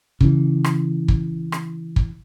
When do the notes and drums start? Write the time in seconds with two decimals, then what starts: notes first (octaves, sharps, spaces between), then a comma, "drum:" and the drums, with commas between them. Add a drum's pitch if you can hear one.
0.21 C#3 E3, drum: kick
0.64 drum: rim click
1.08 drum: kick
1.52 drum: rim click
1.96 drum: kick